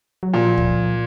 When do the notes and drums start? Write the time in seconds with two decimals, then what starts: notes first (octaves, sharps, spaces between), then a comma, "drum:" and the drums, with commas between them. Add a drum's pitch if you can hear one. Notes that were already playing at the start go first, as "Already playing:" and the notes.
0.23 F#3
0.34 A#2 F3
0.57 drum: kick